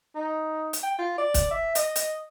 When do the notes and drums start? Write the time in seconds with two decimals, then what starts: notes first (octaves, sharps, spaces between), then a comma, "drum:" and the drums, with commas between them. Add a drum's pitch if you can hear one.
0.15 D#4
0.73 drum: hi-hat
0.83 G5
0.99 F4
1.18 D5
1.34 drum: kick, hi-hat
1.51 E5
1.75 D#5, drum: hi-hat
1.96 drum: hi-hat